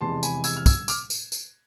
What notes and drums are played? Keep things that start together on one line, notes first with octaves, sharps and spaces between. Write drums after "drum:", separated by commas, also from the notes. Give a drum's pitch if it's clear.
F1 E2 C3 E3 G#3 A5 C6
G#5 B5, drum: tambourine
E6 G#6, drum: tambourine
F6
E6 G#6, drum: kick, tambourine
D6 F6, drum: tambourine
drum: tambourine
drum: tambourine